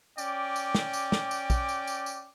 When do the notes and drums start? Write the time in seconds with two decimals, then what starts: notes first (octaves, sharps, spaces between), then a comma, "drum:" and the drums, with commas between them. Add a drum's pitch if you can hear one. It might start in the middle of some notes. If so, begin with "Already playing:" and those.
0.18 C#4 D5 G5 D6, drum: tambourine
0.56 drum: tambourine
0.75 drum: snare
0.93 drum: tambourine
1.12 drum: snare
1.31 drum: tambourine
1.50 drum: kick, tambourine
1.69 drum: tambourine
1.87 drum: tambourine
2.06 drum: tambourine